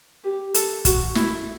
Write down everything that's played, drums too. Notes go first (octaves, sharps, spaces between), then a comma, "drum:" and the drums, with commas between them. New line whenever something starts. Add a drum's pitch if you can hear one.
G4
A4, drum: hi-hat
F#4, drum: kick, hi-hat
E4, drum: snare